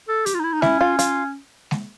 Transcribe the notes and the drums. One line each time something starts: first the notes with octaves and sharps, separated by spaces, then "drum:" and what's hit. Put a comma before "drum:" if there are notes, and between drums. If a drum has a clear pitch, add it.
A4
G4, drum: hi-hat
F4
D#4
E4
D#4
C#4 E4, drum: snare G#3
F4
F4, drum: hi-hat
drum: snare G#3